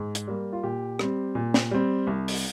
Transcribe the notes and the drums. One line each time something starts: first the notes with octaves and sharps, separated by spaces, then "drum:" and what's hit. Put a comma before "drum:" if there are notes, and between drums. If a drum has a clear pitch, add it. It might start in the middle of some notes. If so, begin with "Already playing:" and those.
Already playing: G#2
drum: hi-hat
G3 A#3
F4
A#2 G4
G3 C4, drum: rim click
A#2
drum: snare
G3 C4
C2
drum: open hi-hat